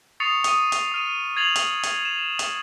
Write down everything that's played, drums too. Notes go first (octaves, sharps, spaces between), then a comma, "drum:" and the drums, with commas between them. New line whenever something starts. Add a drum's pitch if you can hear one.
C#6 D#6 A6 C7 C#7 F7
D#6 D#7, drum: hi-hat
drum: hi-hat
D#6 F6 D#7
G#6 A6 C7 F7 F#7
drum: hi-hat
drum: hi-hat
E7
drum: hi-hat